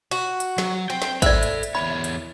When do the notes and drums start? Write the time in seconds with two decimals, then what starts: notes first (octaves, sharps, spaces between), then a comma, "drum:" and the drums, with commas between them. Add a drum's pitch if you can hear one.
0.11 F#4
0.40 drum: hi-hat
0.58 F#3, drum: snare
0.90 C4 G5
1.02 drum: snare
1.22 A4 C5 D5 E5 B5, drum: kick, hi-hat
1.43 drum: hi-hat
1.63 drum: hi-hat
1.75 E2 C#5 B5
2.04 drum: hi-hat